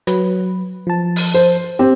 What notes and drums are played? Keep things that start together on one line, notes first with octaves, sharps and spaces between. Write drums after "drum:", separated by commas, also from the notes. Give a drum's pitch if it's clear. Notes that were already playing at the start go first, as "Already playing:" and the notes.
F#3 B4, drum: hi-hat
F3 A5
drum: open hi-hat
C5
C4 G4